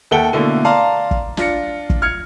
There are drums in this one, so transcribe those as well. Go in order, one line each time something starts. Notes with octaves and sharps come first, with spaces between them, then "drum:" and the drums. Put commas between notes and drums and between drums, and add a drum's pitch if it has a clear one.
D#2 A4 E5 F#5 G5 G7
B2 D3 A3 A#3 E4
D5 F5 A5 A#5 C6
drum: kick
D4 F4 A#6 C#7, drum: snare
drum: kick
F6 G#6 C#7